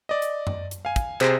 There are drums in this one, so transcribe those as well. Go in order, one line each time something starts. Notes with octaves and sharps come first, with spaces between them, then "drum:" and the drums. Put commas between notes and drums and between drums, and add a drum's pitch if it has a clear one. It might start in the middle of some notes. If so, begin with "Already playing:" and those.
D5 D#5
drum: hi-hat
drum: tom F#2
drum: hi-hat
F5 G#5
drum: kick, hi-hat
C3 G#4 C5 A#6 B6 D7, drum: clap